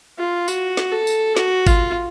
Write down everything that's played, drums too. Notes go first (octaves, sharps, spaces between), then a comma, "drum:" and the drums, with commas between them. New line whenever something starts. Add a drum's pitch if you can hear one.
F4
F#4, drum: tambourine
drum: snare
A4
drum: tambourine
F#4, drum: snare
F4, drum: kick G#1, tambourine